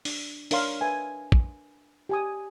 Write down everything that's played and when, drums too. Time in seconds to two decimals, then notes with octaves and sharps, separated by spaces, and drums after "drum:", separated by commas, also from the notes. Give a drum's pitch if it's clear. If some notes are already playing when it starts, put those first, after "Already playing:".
0.05 D4, drum: open hi-hat
0.51 D4 A#4 C#5 F5 C6, drum: open hi-hat
0.81 B4 E5 G#5
1.32 drum: kick
2.09 G4 G#5 D#6